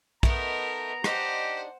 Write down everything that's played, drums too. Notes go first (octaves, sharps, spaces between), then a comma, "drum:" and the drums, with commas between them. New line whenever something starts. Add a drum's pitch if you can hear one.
A3 B3 D#4 A#4 A#5, drum: kick
D4 D#4 G4 C5 F#5, drum: rim click